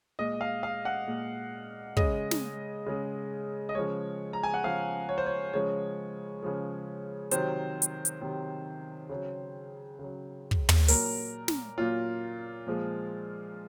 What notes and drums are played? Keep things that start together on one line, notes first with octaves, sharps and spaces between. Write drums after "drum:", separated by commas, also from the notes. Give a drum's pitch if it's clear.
A#2 G#3 D#5
F5
F5
F#5
A#2 G#3
C#3 G#3 D#5, drum: kick
drum: snare
C#3 G#3
D#5
C#3 F3 G#3 C#5
A#5
G#5
F#5
C#3 F3 G#3 F5
C#5
C5
C#5
C#3 F3 G#3 C#5
C#3 F3 G#3
C3 D#3 F#3 C5, drum: hi-hat
drum: hi-hat
drum: hi-hat
C3 D#3 F#3
C#3 F#3
C#3 F#3
drum: kick
drum: tom
A#2 F#3 A#4, drum: open hi-hat
drum: snare
A#2 F#3 F4
A#2 F3 G#3